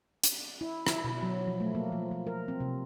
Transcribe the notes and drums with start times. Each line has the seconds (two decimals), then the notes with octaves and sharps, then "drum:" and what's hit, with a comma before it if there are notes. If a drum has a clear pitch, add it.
0.24 drum: hi-hat
0.61 E4
0.87 E4, drum: rim click
1.04 B2
1.23 F#3
1.47 F3
1.60 A3
1.75 A#3
1.92 F3
2.11 F3
2.27 A#4
2.48 C4
2.60 C3